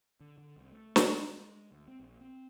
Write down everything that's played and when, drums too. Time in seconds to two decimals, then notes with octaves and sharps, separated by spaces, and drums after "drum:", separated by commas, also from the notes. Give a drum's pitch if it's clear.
0.21 D3
0.38 D3
0.56 C2
0.72 A3
0.96 D#3, drum: snare
1.14 D4
1.37 G#3
1.72 D2
1.88 C4
2.00 A#1
2.21 C4